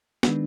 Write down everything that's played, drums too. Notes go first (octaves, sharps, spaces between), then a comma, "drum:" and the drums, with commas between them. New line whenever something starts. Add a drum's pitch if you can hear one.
D#3 G#3 B3 D4, drum: snare